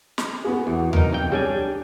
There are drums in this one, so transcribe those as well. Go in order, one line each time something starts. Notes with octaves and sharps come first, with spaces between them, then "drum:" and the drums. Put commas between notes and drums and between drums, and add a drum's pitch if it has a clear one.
drum: snare
B3 F#4 G#4
E2
D#4 A#4, drum: tom D2
F2 G5
G3 D4 G#4 C#5 G#5